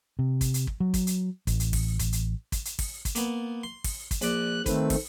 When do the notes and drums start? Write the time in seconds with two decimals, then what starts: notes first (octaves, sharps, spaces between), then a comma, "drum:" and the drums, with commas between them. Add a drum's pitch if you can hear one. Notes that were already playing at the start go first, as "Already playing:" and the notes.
0.19 C3
0.41 drum: kick, hi-hat
0.54 drum: hi-hat
0.67 drum: kick
0.80 F#3
0.94 drum: kick, hi-hat
1.07 drum: hi-hat
1.47 A1, drum: kick, hi-hat
1.60 drum: hi-hat
1.73 drum: kick, open hi-hat
1.99 drum: kick, hi-hat
2.13 drum: hi-hat
2.52 drum: kick, hi-hat
2.65 drum: hi-hat
2.79 drum: kick, open hi-hat
3.05 drum: kick, hi-hat
3.15 A#3 B3, drum: hi-hat
3.64 C6
3.84 drum: kick, open hi-hat
4.11 drum: kick, hi-hat
4.22 A#1 D5 F#6, drum: hi-hat
4.66 D#3 A3 C4 B4, drum: kick, hi-hat
4.90 drum: kick, open hi-hat